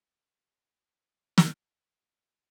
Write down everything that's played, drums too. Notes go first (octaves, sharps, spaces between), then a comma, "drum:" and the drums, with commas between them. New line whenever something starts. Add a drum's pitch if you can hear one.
C#5 A#5 D6 F6
drum: snare